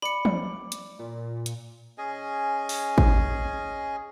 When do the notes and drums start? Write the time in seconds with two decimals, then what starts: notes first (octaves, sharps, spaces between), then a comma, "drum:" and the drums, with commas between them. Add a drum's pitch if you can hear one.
0.02 D5 B5 C#7
0.25 drum: tom
0.72 drum: hi-hat
0.99 A#2
1.46 drum: hi-hat
1.98 C#4 G#4 D#5 G#5
2.69 drum: open hi-hat
2.98 drum: kick